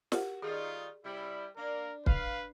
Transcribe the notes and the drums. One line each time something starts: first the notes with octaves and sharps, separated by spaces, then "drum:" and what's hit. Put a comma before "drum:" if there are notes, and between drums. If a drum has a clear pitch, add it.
F#4 G4 A#4 F#5, drum: snare
D#3 G3 A3 D#4 F4 G#4
C3 G3 E4
A#3 D4 A#4
B4 F5, drum: kick